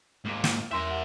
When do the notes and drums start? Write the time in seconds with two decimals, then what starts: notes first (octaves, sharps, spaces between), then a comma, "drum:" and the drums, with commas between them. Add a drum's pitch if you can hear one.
0.25 G#2 A#3
0.44 drum: snare
0.71 E2 A#4 E5 C6
0.91 F#5